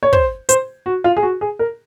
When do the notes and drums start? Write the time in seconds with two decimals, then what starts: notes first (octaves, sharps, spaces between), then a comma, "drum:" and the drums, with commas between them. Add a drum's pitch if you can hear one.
0.03 C#5
0.13 C5, drum: kick
0.49 C5, drum: hi-hat
0.86 F#4
1.04 F4
1.17 G#4
1.23 F#4
1.41 G#4
1.59 A#4